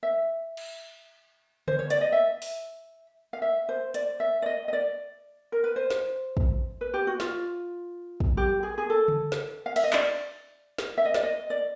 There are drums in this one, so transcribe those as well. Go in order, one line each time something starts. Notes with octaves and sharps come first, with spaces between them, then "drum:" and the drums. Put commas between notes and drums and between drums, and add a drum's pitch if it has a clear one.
E5
drum: cymbal
C5, drum: tom C#3
C#5
D5, drum: hi-hat
D#5
E5
drum: open hi-hat
F5
E5
C5
D5, drum: hi-hat
E5
D5
D#5
D#5
D5
A#4
B4
C5
drum: snare
drum: kick
B4
G4
F#4
F4, drum: snare
drum: kick
G4, drum: tom F#3
G#4
G#4
A4
drum: tom C#3
drum: snare
F5
E5, drum: cymbal
D#5
D5, drum: clap
drum: snare
E5
D#5
D5, drum: snare
D#5
D5